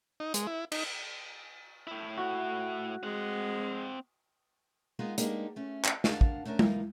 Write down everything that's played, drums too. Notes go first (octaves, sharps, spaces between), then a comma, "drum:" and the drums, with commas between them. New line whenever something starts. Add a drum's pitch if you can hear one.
D#4
G#3, drum: hi-hat
E4
D#4, drum: cymbal
A2 E4
F#4
G#3 C4 F#5
G#3 A#3 B3 D#4 F4
G#3 A#3 D4 D#4 G4, drum: hi-hat
A3 C#4
drum: clap
D4 A#4 F5 F#5 G#5 A5, drum: snare
drum: kick
A3 C#4 D4 A#4
E3 F3 A#3 D#4, drum: tom G#3